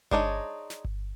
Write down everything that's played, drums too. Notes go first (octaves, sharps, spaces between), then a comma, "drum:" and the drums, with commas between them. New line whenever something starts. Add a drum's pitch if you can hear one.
G#3 D4 D#4 C#5, drum: kick G1
drum: snare
drum: kick G1